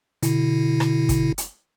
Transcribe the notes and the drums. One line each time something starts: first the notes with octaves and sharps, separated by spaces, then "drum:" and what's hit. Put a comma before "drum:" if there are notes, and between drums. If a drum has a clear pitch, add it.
B2 D3 E4, drum: hi-hat
drum: rim click
drum: kick, hi-hat
drum: hi-hat